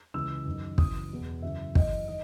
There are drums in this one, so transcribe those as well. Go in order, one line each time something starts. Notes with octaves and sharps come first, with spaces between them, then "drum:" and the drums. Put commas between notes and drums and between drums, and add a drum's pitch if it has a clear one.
C#2 C#3 E3 E6
F#2 D#3
F#2 C#3 E3 D#6, drum: kick
E2 B2
F#2 C#3 E3 E5
F#2 E3 D#5, drum: kick
D#3 D#5